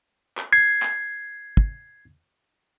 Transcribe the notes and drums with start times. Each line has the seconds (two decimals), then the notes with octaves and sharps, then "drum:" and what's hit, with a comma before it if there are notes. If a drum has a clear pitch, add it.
0.38 drum: clap
0.53 G#6 C7
0.82 drum: clap
1.57 drum: kick